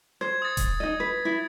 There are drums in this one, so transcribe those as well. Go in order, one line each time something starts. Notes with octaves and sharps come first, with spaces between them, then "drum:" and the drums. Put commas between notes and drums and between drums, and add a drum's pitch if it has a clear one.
C5 G#6
D#6 A6
drum: kick D#1, hi-hat
D#4 D#5
B4
E4